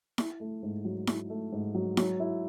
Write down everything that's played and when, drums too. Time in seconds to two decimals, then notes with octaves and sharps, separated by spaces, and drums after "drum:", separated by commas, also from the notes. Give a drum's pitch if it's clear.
0.18 E4, drum: snare E4
0.40 A3
0.63 G#2
0.85 F#3
1.07 E4, drum: snare E4
1.30 A3
1.52 G#2
1.75 F#3
1.97 F#3, drum: snare E4
2.20 E4